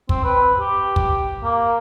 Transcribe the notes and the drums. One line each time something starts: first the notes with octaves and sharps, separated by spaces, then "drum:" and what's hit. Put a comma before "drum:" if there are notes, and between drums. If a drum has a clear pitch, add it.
C4, drum: kick
B4
G4
drum: kick
A#3